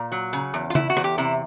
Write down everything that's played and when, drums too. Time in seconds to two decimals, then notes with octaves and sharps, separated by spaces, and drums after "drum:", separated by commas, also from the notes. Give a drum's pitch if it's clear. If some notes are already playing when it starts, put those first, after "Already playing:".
Already playing: A#2
0.12 F#3
0.33 C#3
0.54 E2
0.70 F4
0.75 E2 E4, drum: tom C#3
0.90 F#4
0.97 E2, drum: rim click
1.04 G4
1.18 C3 E4